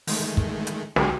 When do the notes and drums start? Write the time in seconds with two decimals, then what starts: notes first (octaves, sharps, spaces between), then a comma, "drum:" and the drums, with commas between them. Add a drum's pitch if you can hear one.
0.07 D#3 G#3 A3, drum: open hi-hat
0.37 drum: kick
0.67 drum: hi-hat
0.96 B1 D3 G#3 F#4 G4 G5, drum: snare